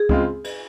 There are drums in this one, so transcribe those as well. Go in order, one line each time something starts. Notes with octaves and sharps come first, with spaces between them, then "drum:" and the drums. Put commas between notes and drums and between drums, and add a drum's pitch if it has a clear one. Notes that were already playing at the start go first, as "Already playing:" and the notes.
Already playing: G#4
C#3 G#3 C4 F4, drum: kick C#2
drum: cymbal